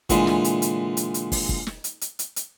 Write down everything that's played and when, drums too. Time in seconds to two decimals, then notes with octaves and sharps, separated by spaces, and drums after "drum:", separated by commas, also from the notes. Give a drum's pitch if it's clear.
0.10 A#2 D3 E3 G#3, drum: kick, hi-hat
0.27 drum: snare
0.44 drum: hi-hat
0.62 drum: hi-hat
0.97 drum: hi-hat
1.14 drum: hi-hat
1.32 drum: kick, open hi-hat
1.49 drum: kick
1.67 drum: snare
1.84 drum: hi-hat
2.01 drum: hi-hat
2.19 drum: hi-hat
2.36 drum: hi-hat